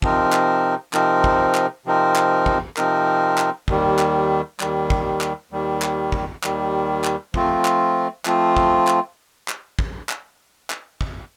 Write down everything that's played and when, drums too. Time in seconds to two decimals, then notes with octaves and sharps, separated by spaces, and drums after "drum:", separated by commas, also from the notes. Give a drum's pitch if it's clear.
0.02 C3 F3 C4 D#4 A#4, drum: kick
0.32 drum: clap
0.93 C3 F3 C4 D#4 A#4, drum: clap
1.24 drum: kick
1.55 drum: clap
1.86 C3 F3 C4 D#4 A#4
2.16 drum: clap
2.46 drum: kick
2.77 C3 F3 C4 D#4 A#4, drum: clap
3.38 drum: clap
3.68 D#2 D#3 G3, drum: kick
3.99 drum: clap
4.60 D#2 D#3 G3, drum: clap
4.90 drum: kick
5.21 drum: clap
5.51 D#2 D#3 G3
5.82 drum: clap
6.12 drum: kick
6.43 D#2 D#3 G3, drum: clap
7.04 drum: clap
7.34 F3 A3 C4 F4, drum: kick
7.65 drum: clap
8.25 F3 A3 C4 F4, drum: clap
8.57 drum: kick
8.87 drum: clap
9.48 drum: clap
9.79 drum: kick
10.09 drum: clap
10.70 drum: clap
11.01 drum: kick